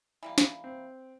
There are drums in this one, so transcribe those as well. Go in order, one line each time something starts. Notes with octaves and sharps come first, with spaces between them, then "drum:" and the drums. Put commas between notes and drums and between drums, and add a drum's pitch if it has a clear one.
E3 G3 A#3
drum: snare
C4